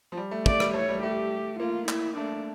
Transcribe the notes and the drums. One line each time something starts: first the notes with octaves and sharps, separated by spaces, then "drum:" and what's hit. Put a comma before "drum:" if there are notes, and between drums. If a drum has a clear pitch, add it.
F3
G3
A3
A3 D5, drum: kick
G3, drum: rim click
A3 C#5
G3
A3 G4
A#3 F4
E4, drum: clap
A3 D4